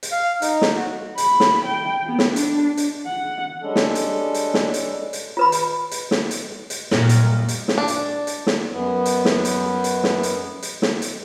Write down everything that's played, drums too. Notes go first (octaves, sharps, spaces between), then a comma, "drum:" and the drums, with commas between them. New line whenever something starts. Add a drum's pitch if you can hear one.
drum: hi-hat
F5
D#4, drum: hi-hat
drum: snare
F#4
B5, drum: hi-hat
drum: snare
G5
B3
drum: snare
D4, drum: hi-hat
drum: hi-hat
F#5
G3 G#3 C#4 D4 A4
drum: snare
drum: hi-hat
drum: hi-hat
drum: snare
drum: hi-hat
drum: hi-hat
F4 B4 B5
drum: hi-hat
drum: hi-hat
drum: snare
drum: hi-hat
drum: hi-hat
F#2 A#2 G3, drum: snare
drum: hi-hat
drum: hi-hat
drum: snare
D4
drum: hi-hat
drum: hi-hat
drum: snare
F#2 B3
drum: hi-hat
drum: snare
drum: hi-hat
drum: hi-hat
drum: snare
drum: hi-hat
drum: hi-hat
drum: snare
drum: hi-hat